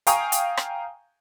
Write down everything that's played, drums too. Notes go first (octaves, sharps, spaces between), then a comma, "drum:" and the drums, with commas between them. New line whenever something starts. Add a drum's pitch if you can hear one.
F5 G5 G#5 A#5 C#6 D#6, drum: hi-hat
drum: hi-hat
drum: rim click